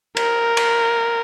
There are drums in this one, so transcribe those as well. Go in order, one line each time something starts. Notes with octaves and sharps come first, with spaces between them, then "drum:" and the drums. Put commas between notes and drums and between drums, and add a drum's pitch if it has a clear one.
A#4, drum: cymbal
drum: cymbal